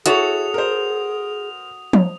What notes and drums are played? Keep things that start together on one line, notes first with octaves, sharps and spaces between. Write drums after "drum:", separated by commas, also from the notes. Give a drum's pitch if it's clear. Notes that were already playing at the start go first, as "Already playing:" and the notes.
E4 F#4 G#4 A4 C#5 D#6 F7, drum: hi-hat
A#4 C5
drum: tom F3